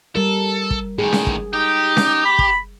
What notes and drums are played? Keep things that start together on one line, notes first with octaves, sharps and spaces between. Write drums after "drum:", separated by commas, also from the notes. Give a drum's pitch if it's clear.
G3 A4 A#4
drum: kick
A2 D#3 G#4
drum: snare C#4
drum: kick
D#4 G4
drum: snare C#4
B5
drum: kick